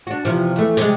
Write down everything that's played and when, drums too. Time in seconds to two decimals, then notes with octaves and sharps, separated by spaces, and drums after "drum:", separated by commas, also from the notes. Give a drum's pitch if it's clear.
0.07 D4 F#4
0.25 E2 C3 F3
0.56 E2 A3
0.77 C3 G3 G#3, drum: hi-hat